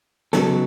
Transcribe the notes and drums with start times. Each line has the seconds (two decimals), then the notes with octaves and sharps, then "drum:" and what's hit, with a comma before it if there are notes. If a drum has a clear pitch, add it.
0.33 C#3 F#3 B3 D#4 A4, drum: snare